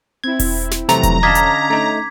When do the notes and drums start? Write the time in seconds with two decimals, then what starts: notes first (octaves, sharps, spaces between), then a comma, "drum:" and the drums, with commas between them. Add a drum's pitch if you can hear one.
0.24 C4 E4 G#6
0.40 drum: kick E1, open hi-hat
0.71 drum: snare
0.89 F2 C3 E3 F#3 A3 C4 A#5, drum: snare
1.03 drum: kick E1, hi-hat
1.23 D3 C#4 D#5 F5 A5 D6 G#6 B6
1.35 drum: hi-hat
1.70 A3 D#4